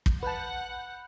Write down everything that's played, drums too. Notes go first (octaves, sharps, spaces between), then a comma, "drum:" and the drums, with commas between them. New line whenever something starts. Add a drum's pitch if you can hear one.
drum: kick
B4 F#5 A5 B5 F#6 G6